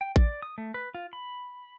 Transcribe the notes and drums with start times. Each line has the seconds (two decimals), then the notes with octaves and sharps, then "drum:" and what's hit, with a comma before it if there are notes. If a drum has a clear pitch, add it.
0.01 G5
0.16 D5, drum: kick A1
0.42 D#6
0.58 A3
0.74 B4
0.94 F4
1.13 B5